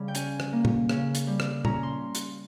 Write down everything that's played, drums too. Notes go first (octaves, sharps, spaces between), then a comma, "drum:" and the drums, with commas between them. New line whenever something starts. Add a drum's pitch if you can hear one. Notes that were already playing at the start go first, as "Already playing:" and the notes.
Already playing: C#3 G3 F5
G5
C#4 G#5, drum: hi-hat
drum: rim click
A#3
drum: tom
C#3, drum: rim click
drum: hi-hat
G3
drum: rim click
C#4 A#5, drum: tom
C6
drum: hi-hat